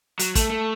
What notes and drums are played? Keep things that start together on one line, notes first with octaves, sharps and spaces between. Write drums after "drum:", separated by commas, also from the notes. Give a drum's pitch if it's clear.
F#3, drum: hi-hat
A3, drum: kick, hi-hat
A3